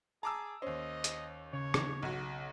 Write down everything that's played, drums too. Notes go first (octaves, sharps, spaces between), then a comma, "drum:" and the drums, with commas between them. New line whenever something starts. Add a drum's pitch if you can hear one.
G#4 A5 A#5 D6 E6
D#2 C#4 C5 D#5
drum: hi-hat
C#3 C#5
drum: rim click
B1 F#4